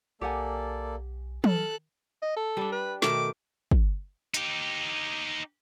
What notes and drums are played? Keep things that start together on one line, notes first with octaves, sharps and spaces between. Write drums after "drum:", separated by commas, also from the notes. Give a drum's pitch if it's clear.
B1 A#3 G4 A4 D5 F#5 G#5
F#3 A4 F6 F#6, drum: tom
D#5
A4
G3 D4
B4
B2 D#3 A3 D6, drum: snare
drum: kick
D#4 G4, drum: hi-hat